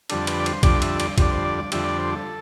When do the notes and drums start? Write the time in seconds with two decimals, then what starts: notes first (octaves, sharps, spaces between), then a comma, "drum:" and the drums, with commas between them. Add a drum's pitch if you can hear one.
0.10 F2 D3 G3 D4 A4, drum: cymbal
0.27 B4, drum: cymbal
0.40 D5
0.46 C5, drum: cymbal
0.63 F2 D3 G3 D4 D5, drum: kick, cymbal
0.82 E5, drum: cymbal
1.00 D5, drum: cymbal
1.18 F2 D3 G3 D4 D5, drum: kick, cymbal
1.32 C5
1.45 D5
1.58 D5
1.72 F2 D3 G3 D4 E5, drum: cymbal
1.85 D5
1.98 C5
2.12 A4